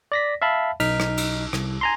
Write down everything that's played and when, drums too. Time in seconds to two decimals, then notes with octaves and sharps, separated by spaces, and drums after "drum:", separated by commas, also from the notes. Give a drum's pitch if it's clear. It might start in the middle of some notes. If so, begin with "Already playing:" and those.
0.12 D5 A#6 B6
0.42 E5 F5 A5 B5
0.80 B1 D#4 F6 B6, drum: cymbal
1.00 drum: rim click
1.17 drum: cymbal
1.53 C2, drum: rim click
1.81 G#5 A#5 C6